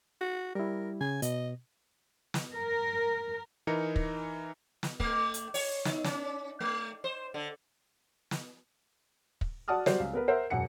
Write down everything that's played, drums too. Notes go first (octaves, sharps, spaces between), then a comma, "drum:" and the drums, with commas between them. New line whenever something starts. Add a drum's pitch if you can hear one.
F#4
G3 E4 A#4
C#3 G#5
B2 D#5, drum: hi-hat
drum: snare
A#4
E3 D#4 A#4 A#5 C#7
drum: kick
drum: snare
A3, drum: kick
drum: hi-hat
C#5, drum: open hi-hat
D#4, drum: snare
C#4, drum: snare
A3
C5
D3
drum: snare
drum: kick
F#4 D5 F#5 A5 D#6 F6
F#3 G3 F#4 C5 D5, drum: snare
C#2
B3 A#4 B4
A#4 C5 E5 F#5
E1 F#2 F#5 C#7